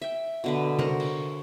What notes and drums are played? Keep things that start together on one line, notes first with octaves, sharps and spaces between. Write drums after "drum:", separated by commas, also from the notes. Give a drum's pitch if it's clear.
E5 G5
B2 D3 B4
F#4 A#4 C5 F#5, drum: tom C3
drum: cymbal